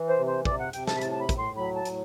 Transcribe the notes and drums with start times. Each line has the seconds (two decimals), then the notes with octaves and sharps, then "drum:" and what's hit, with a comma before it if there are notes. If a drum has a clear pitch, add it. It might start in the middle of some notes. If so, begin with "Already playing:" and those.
Already playing: E3
0.09 C5
0.18 C3
0.27 C5
0.45 C3 D5, drum: kick
0.60 F#5
0.73 C3 G5, drum: hi-hat
0.87 A5, drum: snare
0.96 B5
1.01 A2 A5, drum: hi-hat
1.12 A5
1.20 B5
1.29 A2, drum: kick, hi-hat
1.39 C6
1.57 F#3 B5
1.76 A5
1.85 A2, drum: hi-hat